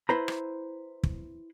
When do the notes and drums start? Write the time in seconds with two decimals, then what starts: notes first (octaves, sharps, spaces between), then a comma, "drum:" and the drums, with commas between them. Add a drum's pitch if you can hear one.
0.09 E4 B4 C5 A#5 B5
0.28 drum: rim click
1.03 drum: kick